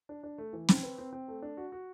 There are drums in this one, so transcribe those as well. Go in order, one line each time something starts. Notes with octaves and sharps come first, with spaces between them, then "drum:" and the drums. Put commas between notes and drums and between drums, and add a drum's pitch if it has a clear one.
D4
D4
A3
E3
C4, drum: snare
B4
C4
C4
A3
D4
F#4
F#4